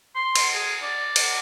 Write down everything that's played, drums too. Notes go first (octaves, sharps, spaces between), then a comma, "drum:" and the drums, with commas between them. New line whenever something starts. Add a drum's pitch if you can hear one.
C6
drum: cymbal
G#4
D5
drum: cymbal